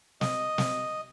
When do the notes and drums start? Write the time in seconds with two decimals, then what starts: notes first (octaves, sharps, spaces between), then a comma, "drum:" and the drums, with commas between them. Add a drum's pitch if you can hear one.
0.21 D#5, drum: snare
0.58 drum: snare